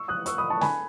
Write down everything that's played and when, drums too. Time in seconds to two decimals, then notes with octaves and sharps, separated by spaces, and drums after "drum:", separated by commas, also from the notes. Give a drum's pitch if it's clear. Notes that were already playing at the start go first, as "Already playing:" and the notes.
Already playing: C#6 E6
0.08 D#6 F#6
0.26 C#6 E6, drum: hi-hat
0.38 B5 D#6
0.50 A5 C#6
0.61 G#5 B5, drum: snare